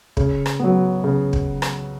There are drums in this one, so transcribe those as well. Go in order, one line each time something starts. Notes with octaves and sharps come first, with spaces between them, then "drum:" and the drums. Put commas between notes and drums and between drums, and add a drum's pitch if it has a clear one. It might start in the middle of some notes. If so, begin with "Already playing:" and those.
C#3, drum: kick
drum: rim click
F#3 B3
C#3
drum: kick
drum: rim click